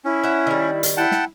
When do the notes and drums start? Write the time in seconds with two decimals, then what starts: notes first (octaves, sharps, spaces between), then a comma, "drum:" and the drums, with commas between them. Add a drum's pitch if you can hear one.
0.05 C#4 E4
0.24 E5 F#5
0.47 D#3 G3
0.83 drum: hi-hat
0.97 E4 F#5 G5 A5
1.11 drum: snare